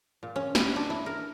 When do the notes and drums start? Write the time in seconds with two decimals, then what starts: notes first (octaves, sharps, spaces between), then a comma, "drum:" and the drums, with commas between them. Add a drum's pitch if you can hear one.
0.23 A#2
0.36 C#4
0.55 B4, drum: snare
0.76 D4
0.90 E4
1.06 A#4